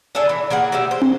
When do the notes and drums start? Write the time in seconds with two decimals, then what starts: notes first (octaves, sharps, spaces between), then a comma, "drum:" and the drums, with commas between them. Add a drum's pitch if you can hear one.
0.15 D4 G#4 A4 E5
0.29 E3
0.50 E3 A#3 G#4 F#5
0.72 G#3 F#4 G4 E5
0.91 C5
1.02 drum: tom